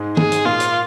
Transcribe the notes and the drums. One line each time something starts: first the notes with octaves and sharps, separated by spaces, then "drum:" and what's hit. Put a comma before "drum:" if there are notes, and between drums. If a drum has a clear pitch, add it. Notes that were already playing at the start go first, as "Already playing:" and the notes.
Already playing: G#2 G#3
G#4, drum: tom
drum: hi-hat
A#2 A#3 F4
drum: hi-hat